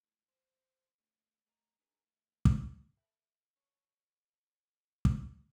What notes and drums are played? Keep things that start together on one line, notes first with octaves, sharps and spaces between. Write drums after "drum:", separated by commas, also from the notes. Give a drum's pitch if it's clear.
C#2 A2
C5
D3 D#3 F#3 A3
C2 A3 D#5 A#5
D4 D#4 G#4 B4 D#5 A#5
D2 D#3 A3
drum: kick
A4 B4 E5 G5 B5
C#5
drum: kick